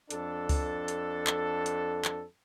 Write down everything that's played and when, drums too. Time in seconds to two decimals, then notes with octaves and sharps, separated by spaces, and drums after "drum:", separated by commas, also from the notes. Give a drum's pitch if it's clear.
0.10 F2 D4 A4, drum: hi-hat
0.49 drum: kick C#2, open hi-hat
0.88 drum: hi-hat
1.27 drum: clap
1.66 drum: hi-hat
2.05 drum: clap